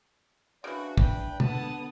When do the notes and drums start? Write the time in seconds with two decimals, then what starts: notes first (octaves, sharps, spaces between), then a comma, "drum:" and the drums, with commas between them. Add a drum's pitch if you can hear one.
0.64 C#3 E3 D4 F#4
0.98 B4 G5, drum: kick
1.40 D3 B3 A4 A5 D#6, drum: tom